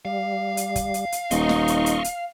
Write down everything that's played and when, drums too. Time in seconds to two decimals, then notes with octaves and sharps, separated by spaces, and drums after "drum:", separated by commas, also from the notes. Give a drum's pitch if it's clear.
0.05 G3 F5
0.57 drum: hi-hat
0.76 drum: kick, hi-hat
0.94 drum: hi-hat
1.12 drum: hi-hat
1.31 D#1 D#4 D#5 C6 C#6, drum: hi-hat
1.49 drum: snare
1.68 drum: hi-hat
1.86 drum: hi-hat
2.04 drum: hi-hat